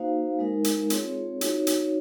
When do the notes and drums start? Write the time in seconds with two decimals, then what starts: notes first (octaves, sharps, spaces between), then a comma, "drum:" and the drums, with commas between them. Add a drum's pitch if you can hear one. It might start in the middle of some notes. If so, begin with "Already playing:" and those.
Already playing: A#3 D#4 F#4 C5 F5
0.39 G#3 D#4 A#4
0.64 drum: hi-hat
0.90 C4 F4 G#4 C#5, drum: hi-hat
1.41 D#4 F#4 C#5, drum: hi-hat
1.67 drum: hi-hat